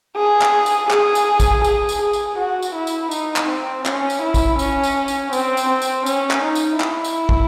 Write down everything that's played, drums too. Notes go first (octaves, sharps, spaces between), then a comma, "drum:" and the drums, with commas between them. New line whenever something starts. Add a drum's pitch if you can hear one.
G#4
drum: clap
drum: tambourine
G#4, drum: clap
drum: tambourine
drum: kick, tambourine
G#4, drum: tambourine
drum: tambourine
G#4
drum: tambourine
F#4
drum: tambourine
E4
drum: tambourine
D#4, drum: tambourine
drum: clap
C4
C#4, drum: clap
drum: tambourine
E4
drum: kick, tambourine
C#4, drum: tambourine
drum: tambourine
drum: tambourine
C4, drum: tambourine
drum: tambourine
C4
drum: tambourine
C#4, drum: tambourine
drum: clap
D#4
drum: tambourine
E4, drum: clap
drum: tambourine
drum: kick